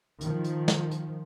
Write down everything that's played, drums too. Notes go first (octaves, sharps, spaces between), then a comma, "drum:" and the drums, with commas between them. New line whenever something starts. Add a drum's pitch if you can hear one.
D#3 F3, drum: hi-hat
drum: hi-hat
drum: snare
drum: hi-hat